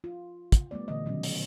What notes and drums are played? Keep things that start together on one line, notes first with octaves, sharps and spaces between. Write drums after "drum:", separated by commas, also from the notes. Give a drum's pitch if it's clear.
F4
drum: kick, hi-hat
G3 A3 B3 D5
A#2 D3 E3 G3 A3 D#5
B2 D#3 F#3 G3 C#4
drum: open hi-hat